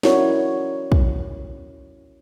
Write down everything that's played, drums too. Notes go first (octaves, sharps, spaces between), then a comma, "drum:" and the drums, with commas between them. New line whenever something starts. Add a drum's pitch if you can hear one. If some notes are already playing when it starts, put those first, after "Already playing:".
C#4 E4 F#4 A#4 C#5 D5, drum: snare
drum: kick